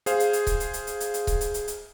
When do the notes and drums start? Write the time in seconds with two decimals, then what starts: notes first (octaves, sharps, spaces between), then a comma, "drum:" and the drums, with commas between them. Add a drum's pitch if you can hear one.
0.06 G#4 C5 F5, drum: hi-hat
0.20 drum: hi-hat
0.33 drum: hi-hat
0.47 drum: kick C#1, hi-hat
0.60 drum: hi-hat
0.74 drum: hi-hat
0.87 drum: hi-hat
1.00 drum: hi-hat
1.14 drum: hi-hat
1.27 drum: kick C#1, hi-hat
1.41 drum: hi-hat
1.54 drum: hi-hat
1.68 drum: hi-hat